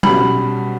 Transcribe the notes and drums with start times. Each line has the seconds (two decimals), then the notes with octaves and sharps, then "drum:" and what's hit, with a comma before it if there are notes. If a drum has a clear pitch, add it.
0.03 B1 B2 G3 C#4 B5, drum: tom F#3